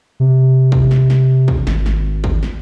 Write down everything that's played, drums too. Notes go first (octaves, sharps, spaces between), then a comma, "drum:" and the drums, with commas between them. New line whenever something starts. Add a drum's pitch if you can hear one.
C3
drum: kick
drum: snare
drum: snare
drum: kick
G#1, drum: snare
drum: snare
drum: kick
drum: snare